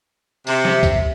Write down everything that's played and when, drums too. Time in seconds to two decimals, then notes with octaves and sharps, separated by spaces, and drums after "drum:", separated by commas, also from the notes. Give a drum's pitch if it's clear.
0.47 C3 E5, drum: tambourine
0.65 drum: snare
0.83 drum: kick C2, tambourine